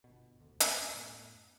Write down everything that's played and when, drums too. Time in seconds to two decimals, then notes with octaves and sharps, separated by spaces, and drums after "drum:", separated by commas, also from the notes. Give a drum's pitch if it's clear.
0.04 G1 B2
0.41 E1 D2
0.60 drum: hi-hat
0.94 F#2 A2 A3 B3